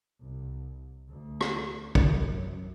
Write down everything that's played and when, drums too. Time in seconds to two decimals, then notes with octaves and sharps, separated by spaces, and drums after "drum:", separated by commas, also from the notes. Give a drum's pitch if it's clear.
0.20 C2
1.09 D2
1.41 drum: rim click
1.95 F#2, drum: kick